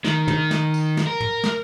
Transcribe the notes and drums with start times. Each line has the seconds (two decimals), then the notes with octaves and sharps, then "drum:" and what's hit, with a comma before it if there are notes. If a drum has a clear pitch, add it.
0.04 D#3, drum: snare
0.28 drum: tom
0.51 drum: snare
0.74 drum: tambourine
0.97 drum: snare
1.07 A#4
1.20 drum: tom
1.44 drum: snare